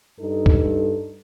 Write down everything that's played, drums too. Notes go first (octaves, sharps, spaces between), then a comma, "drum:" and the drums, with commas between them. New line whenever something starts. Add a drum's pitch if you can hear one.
G2 D#4 A4
drum: kick